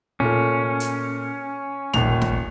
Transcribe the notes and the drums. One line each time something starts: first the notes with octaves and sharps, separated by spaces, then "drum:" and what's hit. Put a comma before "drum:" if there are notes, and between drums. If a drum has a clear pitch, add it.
A#2 A3 C#4
drum: hi-hat
D#1 A#1 F7, drum: snare
drum: snare